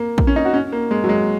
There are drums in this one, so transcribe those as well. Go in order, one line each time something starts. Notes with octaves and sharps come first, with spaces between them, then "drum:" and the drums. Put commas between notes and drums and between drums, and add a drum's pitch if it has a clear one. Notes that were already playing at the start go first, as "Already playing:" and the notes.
Already playing: A#3
drum: kick A#1
C#4
D#4
F#4
C#4
A#3
G#3
F#3
G#3